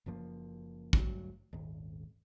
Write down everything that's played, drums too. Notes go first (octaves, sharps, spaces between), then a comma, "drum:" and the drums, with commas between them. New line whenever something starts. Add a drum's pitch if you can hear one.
F#1 F#2 F3 A#3
D2 G2 F#3, drum: kick
D#1 G#1